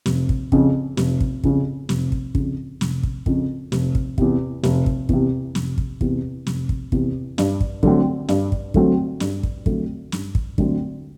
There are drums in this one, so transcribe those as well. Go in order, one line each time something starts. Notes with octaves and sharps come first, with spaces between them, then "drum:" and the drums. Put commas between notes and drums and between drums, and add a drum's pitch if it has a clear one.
F1, drum: snare
drum: kick
F2 C#3, drum: kick
F1, drum: snare
drum: kick
F2 C#3, drum: kick
F1, drum: snare
drum: kick
F2 C#3, drum: kick
F1, drum: snare
drum: kick
F2 C#3, drum: kick
F1, drum: snare
drum: kick
E2 C3, drum: kick
F1, drum: snare
drum: kick
E2 C3, drum: kick
F1, drum: snare
drum: kick
E2 C3, drum: kick
F1, drum: snare
drum: kick
E2 C3, drum: kick
G2, drum: snare
drum: kick
D3 F#3 A3 C4, drum: kick
G2, drum: snare
drum: kick
D3 F#3 A3 C4, drum: kick
G2, drum: snare
drum: kick
D3 F#3 A3 C4, drum: kick
G2, drum: snare
drum: kick
D3 F#3 A3 C4, drum: kick